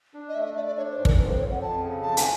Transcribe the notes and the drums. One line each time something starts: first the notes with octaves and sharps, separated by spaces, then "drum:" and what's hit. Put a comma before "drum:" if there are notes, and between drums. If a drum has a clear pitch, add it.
D4
D#5
A3 E5
D#5
A3 D5
D5
D4 C#5
C5
G#2
A#4, drum: kick
F2 B4
C5
F2 C#5
F#5
F2 A5
C#3
F2 A5
G#5, drum: hi-hat